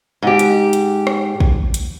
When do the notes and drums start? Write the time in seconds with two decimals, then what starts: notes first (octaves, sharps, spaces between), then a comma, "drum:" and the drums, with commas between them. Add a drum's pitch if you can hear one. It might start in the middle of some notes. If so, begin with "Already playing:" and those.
0.23 G#2 G4
0.39 drum: hi-hat
0.73 drum: hi-hat
1.07 drum: rim click
1.40 drum: kick
1.74 drum: hi-hat